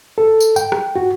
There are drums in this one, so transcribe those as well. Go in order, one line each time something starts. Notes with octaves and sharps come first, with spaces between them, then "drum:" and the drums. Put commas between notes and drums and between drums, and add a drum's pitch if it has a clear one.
A4
drum: tambourine
G5, drum: tambourine
drum: rim click
F#4